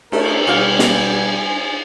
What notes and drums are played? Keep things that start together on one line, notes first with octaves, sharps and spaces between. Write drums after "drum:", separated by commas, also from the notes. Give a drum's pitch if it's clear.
A3 A#4, drum: cymbal
B2 G3 F#4 G4 F5 G#5
drum: snare